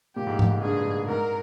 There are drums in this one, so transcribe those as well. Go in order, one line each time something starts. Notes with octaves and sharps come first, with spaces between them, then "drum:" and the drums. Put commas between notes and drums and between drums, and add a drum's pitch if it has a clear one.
A#2 G4
G#2
G#2, drum: tom G#2
G#2
G2 G#4
G2
G#2
G#2 A#4